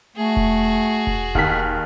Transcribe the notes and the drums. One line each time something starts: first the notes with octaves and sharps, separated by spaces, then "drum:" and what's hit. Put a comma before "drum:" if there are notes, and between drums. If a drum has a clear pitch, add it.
A3 F#4 G#4
drum: kick E1
drum: kick E1
D#2 D#3 B6, drum: kick E1